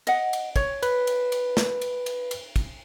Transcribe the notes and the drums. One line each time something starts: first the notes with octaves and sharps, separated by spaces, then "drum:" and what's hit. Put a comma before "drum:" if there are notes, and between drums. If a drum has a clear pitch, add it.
D#5 F#5, drum: cymbal
drum: cymbal
C#5, drum: kick, cymbal
B4, drum: cymbal
drum: cymbal
drum: cymbal
drum: snare
drum: cymbal
drum: cymbal
drum: cymbal
drum: kick, cymbal